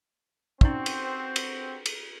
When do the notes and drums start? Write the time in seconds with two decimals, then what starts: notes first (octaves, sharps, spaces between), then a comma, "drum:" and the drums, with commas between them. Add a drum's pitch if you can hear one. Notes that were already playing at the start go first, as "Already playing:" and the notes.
0.61 C4 C#4 D#4 F#4 D5, drum: kick
0.86 drum: cymbal
1.36 drum: cymbal
1.86 drum: cymbal